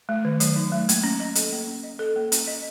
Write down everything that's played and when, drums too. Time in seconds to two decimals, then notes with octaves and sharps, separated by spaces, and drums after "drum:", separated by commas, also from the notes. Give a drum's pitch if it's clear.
0.09 A3
0.25 D#3
0.40 F#3, drum: hi-hat
0.56 D#4
0.72 A3
0.89 A#3, drum: hi-hat
1.04 C#4
1.20 D#5
1.35 A4, drum: hi-hat
1.52 A#3
1.68 C#4
1.84 D#5
1.99 A4
2.16 A#3
2.32 C#4, drum: hi-hat
2.47 D#5